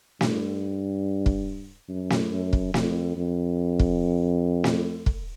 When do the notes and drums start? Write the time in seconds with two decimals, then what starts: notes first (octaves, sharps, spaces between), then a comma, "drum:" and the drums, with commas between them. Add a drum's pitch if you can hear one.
0.21 G2, drum: snare
1.26 drum: kick
1.89 F#2
2.10 drum: snare
2.32 F#2
2.53 drum: kick
2.74 F2, drum: snare
3.16 F2
3.79 drum: kick
4.64 drum: snare
5.06 drum: kick